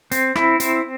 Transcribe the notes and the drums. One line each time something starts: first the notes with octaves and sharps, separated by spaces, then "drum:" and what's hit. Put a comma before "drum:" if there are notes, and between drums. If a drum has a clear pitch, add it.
C4, drum: hi-hat
E4, drum: rim click
C4, drum: hi-hat